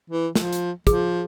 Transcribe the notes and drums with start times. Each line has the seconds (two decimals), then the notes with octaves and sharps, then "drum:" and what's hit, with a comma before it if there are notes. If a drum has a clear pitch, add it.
0.10 E3
0.35 F3, drum: snare
0.53 drum: hi-hat
0.87 F3 G#4, drum: kick, hi-hat